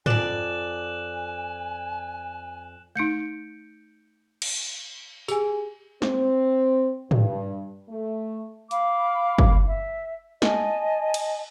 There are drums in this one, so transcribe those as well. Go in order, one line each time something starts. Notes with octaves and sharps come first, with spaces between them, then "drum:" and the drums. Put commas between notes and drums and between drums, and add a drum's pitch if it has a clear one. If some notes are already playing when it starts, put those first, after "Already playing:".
F2 D5 G#5 F#6 E7 F#7, drum: tom
A3 D#4 G6 C#7 D7
drum: cymbal
G4 G#4 G#5, drum: tambourine
C4, drum: snare
G2, drum: tom
A3
F5 B5 D6, drum: hi-hat
drum: kick
E5
D#5 G#5 A5, drum: snare
drum: cymbal